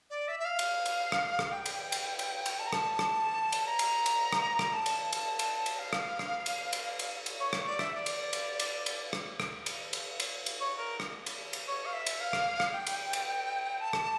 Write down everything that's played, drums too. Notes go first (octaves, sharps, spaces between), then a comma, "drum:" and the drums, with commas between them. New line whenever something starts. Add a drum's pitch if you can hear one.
D5
E5
E5
F5
drum: cymbal
drum: cymbal
drum: rim click
drum: rim click
G5
drum: cymbal
drum: cymbal
drum: cymbal
drum: cymbal
A5
A#5
A5, drum: rim click
drum: rim click
drum: cymbal
A#5
drum: cymbal
drum: cymbal
drum: rim click
drum: rim click
A5
drum: cymbal
drum: cymbal
drum: cymbal
drum: cymbal
F5
drum: rim click
drum: rim click
drum: cymbal
drum: cymbal
drum: cymbal
drum: cymbal
C#5
drum: rim click
D5
E5, drum: rim click
D5
drum: cymbal
drum: cymbal
drum: cymbal
drum: cymbal
drum: rim click
drum: rim click
drum: cymbal
drum: cymbal
drum: cymbal
drum: cymbal
C#5
A#4
drum: rim click
drum: cymbal
drum: cymbal
C#5
F5
E5
drum: cymbal
F5
drum: rim click
drum: rim click
G5
drum: cymbal
drum: cymbal
A5
drum: rim click